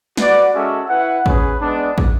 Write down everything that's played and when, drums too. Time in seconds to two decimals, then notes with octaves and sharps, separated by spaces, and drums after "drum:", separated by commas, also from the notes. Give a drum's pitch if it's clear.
0.17 F#4 B4 D5 F#5, drum: snare
0.54 G#3 C#4 F#4 A4 E5
0.89 E4 B4 F#5
1.26 C#4 G#4 B4, drum: kick
1.62 G#3 B3 D4
1.98 drum: kick